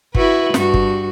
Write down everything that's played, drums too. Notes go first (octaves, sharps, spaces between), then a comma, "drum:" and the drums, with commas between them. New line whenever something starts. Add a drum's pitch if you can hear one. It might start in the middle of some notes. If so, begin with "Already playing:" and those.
E4 F#4 B4, drum: kick
G2 F#4, drum: snare
drum: kick